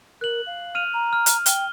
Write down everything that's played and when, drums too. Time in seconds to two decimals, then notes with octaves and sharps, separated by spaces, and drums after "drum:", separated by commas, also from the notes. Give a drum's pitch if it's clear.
0.21 A#4 F#6 F#7
0.46 F5
0.75 F6 D#7 F7
0.94 A#5
1.13 F6
1.26 drum: hi-hat
1.46 G5 G7, drum: hi-hat